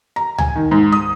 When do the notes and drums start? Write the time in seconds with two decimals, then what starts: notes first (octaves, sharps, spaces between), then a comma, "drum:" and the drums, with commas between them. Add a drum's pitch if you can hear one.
0.16 A#5
0.38 G#5, drum: tom C#2
0.56 D#3
0.71 G#2
0.92 D#6